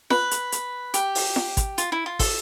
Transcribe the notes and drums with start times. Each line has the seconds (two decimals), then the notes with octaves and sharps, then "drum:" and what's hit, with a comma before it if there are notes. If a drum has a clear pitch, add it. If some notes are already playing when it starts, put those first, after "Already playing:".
0.10 B4, drum: snare F4
0.31 drum: hi-hat
0.52 drum: hi-hat
0.94 G4, drum: hi-hat
1.15 drum: open hi-hat
1.36 drum: snare F4
1.57 drum: kick, hi-hat
1.78 F4, drum: hi-hat
1.92 E4
2.06 F4
2.19 A4, drum: kick, open hi-hat